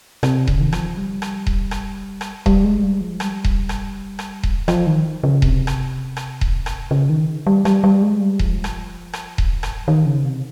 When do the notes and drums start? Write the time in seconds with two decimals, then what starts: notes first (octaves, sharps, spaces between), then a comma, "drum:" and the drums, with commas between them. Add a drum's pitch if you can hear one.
0.23 C3, drum: rim click
0.47 C#3, drum: kick D#1
0.60 D#3
0.73 F3, drum: rim click
0.97 G3
1.22 drum: rim click
1.47 drum: kick D#1
1.71 drum: rim click
2.21 drum: rim click
2.46 G3, drum: kick D#1
2.64 G#3
2.83 G3
3.01 F3
3.20 G3, drum: rim click
3.44 drum: kick D#1
3.69 drum: rim click
4.19 drum: rim click
4.43 drum: kick D#1
4.68 F3, drum: rim click
4.87 D#3
5.24 C#3
5.42 C3, drum: kick D#1
5.67 drum: rim click
6.17 drum: rim click
6.41 drum: kick D#1
6.66 drum: rim click
6.91 C#3
7.09 D#3
7.47 G3
7.65 G3, drum: rim click
7.84 G3
8.02 G#3
8.20 G3
8.39 F3, drum: kick D#1
8.64 drum: rim click
9.13 drum: rim click
9.38 drum: kick D#1
9.63 drum: rim click
9.88 D#3
10.06 C#3
10.25 C3